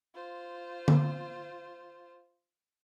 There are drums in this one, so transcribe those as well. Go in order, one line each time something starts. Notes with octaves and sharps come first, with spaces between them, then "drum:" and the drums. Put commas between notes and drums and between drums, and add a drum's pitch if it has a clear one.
F4 C5
drum: tom D3